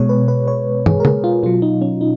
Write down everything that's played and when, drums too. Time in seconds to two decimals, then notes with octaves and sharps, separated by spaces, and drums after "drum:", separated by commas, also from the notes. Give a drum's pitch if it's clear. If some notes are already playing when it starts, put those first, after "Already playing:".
Already playing: B2 G#3 C#5
0.09 B4
0.28 B4
0.48 C#5
0.86 G#4, drum: tom
1.00 A#4
1.05 G#4, drum: tom
1.24 F4
1.43 B2 F#3 F4
1.62 D#4
1.82 C#4
2.01 D#4